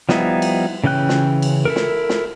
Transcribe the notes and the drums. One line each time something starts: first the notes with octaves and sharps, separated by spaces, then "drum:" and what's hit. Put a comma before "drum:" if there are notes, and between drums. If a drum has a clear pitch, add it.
F3 G3 B3 D#4 E4, drum: snare
drum: cymbal
C#3 E3 C#4 G5 F#6
drum: snare
drum: cymbal
E4 A4 A#4
drum: snare
drum: snare